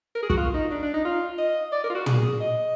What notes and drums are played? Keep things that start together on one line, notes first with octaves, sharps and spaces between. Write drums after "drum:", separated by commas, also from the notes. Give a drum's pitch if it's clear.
A#4
G#4
F#4, drum: kick
F4
D#4
D4
D4
D#4
F4
D#5
D5
A#4
F4
F#4
G#4, drum: tom
D#5